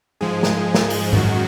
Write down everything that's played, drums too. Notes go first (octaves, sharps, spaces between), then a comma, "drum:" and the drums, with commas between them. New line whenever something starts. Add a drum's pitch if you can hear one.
G#2 F3 G#3 G#4
drum: snare
drum: snare
drum: open hi-hat
F#2 D#3 G#3 F#4, drum: tom G#2